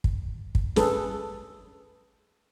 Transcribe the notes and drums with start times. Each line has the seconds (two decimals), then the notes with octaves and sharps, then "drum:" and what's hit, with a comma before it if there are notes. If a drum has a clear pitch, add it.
0.04 drum: kick
0.55 drum: kick
0.76 C#4 G#4 A4 B4, drum: snare